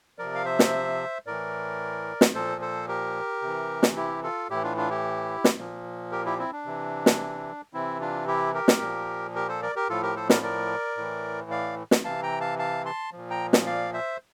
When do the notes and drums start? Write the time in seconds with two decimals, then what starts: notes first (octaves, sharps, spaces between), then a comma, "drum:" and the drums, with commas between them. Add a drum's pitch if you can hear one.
0.19 C3 F3 A#4 D5
0.35 F5
0.45 C5 E5
0.59 drum: snare
1.26 A2 E3 A#4 D5
2.21 drum: snare
2.34 A#2 F3 A4 C5
2.61 A4 C5
2.88 G4 A#4
3.42 C3 E3
3.83 drum: snare
3.96 E4 G4
4.23 F4 A4
4.50 A2 E3 E4 G4
4.63 D4 F4
4.77 D4 F4
4.90 E4 G4
5.44 drum: snare
5.58 A#2 F3
6.11 G4 A#4
6.25 E4 G4
6.39 C4 E4
6.52 D4
6.65 C3 E3
7.06 drum: snare
7.73 C3 E3 C4 E4
8.00 D4 F4
8.27 E4 G4
8.54 G4 A#4
8.68 drum: snare
8.81 A#2 F3
9.35 G4 A#4
9.49 A4 C5
9.62 A#4 D5
9.76 G4 A#4
9.89 A2 F3 F4 A4
10.03 G4 A#4
10.16 A4 C5
10.30 A#4 D5, drum: snare
10.43 A#4 D5
10.97 A2 E3
11.51 D5 F5
11.91 drum: snare
12.04 C3 E3 F5 A5
12.23 G5 A#5
12.41 F5 A5
12.59 F5 A5
12.85 A5 C6
13.12 A#2 F3
13.30 G5 A#5
13.53 drum: snare
13.66 D5 F5
13.93 C5 E5